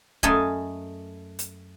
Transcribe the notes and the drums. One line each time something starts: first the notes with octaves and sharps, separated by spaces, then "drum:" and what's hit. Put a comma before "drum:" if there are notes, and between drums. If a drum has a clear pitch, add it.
F#2 A3 D#5 F5 G#5, drum: kick
drum: hi-hat